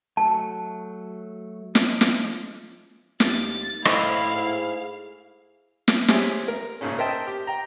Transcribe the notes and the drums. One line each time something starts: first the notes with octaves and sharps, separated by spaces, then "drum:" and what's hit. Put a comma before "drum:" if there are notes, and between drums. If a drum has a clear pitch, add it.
F#3 A3 A5
F3 C#4 D#4, drum: snare
drum: snare
D#2 A6, drum: snare
A2 E4 C5 D#5 F5, drum: rim click
G#2
drum: snare
G3 C4 G#4 C#5 E5, drum: snare
A#4
G#1 A#2 C#3 C#4
A#4 C5 D#5 E5 G5 A5
G4
G5 A#5